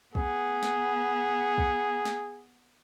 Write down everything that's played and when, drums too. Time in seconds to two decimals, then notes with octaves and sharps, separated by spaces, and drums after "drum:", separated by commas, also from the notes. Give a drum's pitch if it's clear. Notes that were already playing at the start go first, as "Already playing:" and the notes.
0.15 B3 G#4, drum: kick
0.63 drum: snare
1.58 drum: kick
2.05 drum: snare